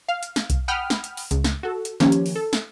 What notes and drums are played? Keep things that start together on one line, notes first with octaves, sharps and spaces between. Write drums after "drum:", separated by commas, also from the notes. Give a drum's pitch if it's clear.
F5
drum: hi-hat
drum: snare
drum: kick B1, hi-hat
F#5 G5 B5 D#6 F6
drum: snare
drum: hi-hat
drum: open hi-hat
C#2, drum: hi-hat
drum: snare
F#4 A4
drum: hi-hat
D#3 F3 A#3 C#4 G4 C#5, drum: snare
drum: hi-hat
drum: open hi-hat
A4
drum: snare